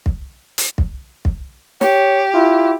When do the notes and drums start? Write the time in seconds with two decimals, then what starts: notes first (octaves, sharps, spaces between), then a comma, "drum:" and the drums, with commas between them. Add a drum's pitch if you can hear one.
0.06 drum: kick
0.58 drum: hi-hat
0.78 drum: kick
1.25 drum: kick
1.81 G4 C#5, drum: snare
2.34 E4 F4